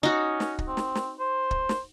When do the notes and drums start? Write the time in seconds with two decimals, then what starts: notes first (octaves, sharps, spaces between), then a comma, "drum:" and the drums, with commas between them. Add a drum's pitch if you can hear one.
0.03 C#4 D#4 F#4
0.40 drum: snare
0.59 drum: kick
0.68 C4
0.77 drum: snare
0.95 drum: snare
1.19 C5
1.51 drum: kick
1.69 drum: snare